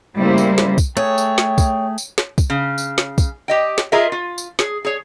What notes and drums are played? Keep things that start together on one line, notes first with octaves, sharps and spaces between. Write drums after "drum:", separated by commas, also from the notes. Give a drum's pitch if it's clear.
C#3 G3 A3 A#3 E4 C5
drum: tambourine
drum: snare
drum: kick, tambourine
A3 G#4 C#5 G5
drum: tambourine
drum: snare
drum: kick, tambourine
drum: tambourine
drum: snare
drum: kick, tambourine
C#3
drum: tambourine
drum: snare
drum: kick, tambourine
G4 D#5 G5
drum: snare
F4 G#4 A#4 D#5 E5
F4
drum: tambourine
G#4, drum: snare
G#4 C#5